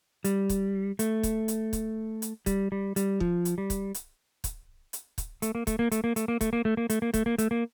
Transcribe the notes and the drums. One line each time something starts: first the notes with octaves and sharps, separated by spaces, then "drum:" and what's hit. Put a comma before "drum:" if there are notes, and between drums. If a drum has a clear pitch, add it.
G3, drum: hi-hat
drum: kick, hi-hat
A3, drum: hi-hat
drum: kick, hi-hat
drum: hi-hat
drum: kick, hi-hat
drum: hi-hat
G3, drum: kick, hi-hat
G3
G3, drum: hi-hat
F3, drum: kick
drum: hi-hat
G3
drum: kick, hi-hat
drum: hi-hat
drum: kick, hi-hat
drum: hi-hat
drum: kick, hi-hat
A3, drum: hi-hat
A#3
A3, drum: kick, hi-hat
A#3
A3, drum: hi-hat
A#3
A3, drum: hi-hat
A#3
A3, drum: kick, hi-hat
A#3
A3
A#3
A3, drum: hi-hat
A#3
A3, drum: kick, hi-hat
A#3
A3, drum: hi-hat
A#3